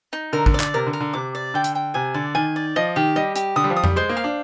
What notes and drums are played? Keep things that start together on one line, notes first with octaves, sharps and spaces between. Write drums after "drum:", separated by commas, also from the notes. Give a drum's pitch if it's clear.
D#4
D3 A#4
D3, drum: kick A1
D5
D3, drum: clap
C3 A#4
D3
A#4
D3
C3 D6
D5
D3 G5
drum: hi-hat
G5
C3 G#5
D3 D5
D#3 G#5
D5
F3 D#5
D#3 G4
G3 D#5
G4, drum: hi-hat
D3 D#6
G3
F3
D#6
G3, drum: tom F2
G#3 C5
A#3
F5
D4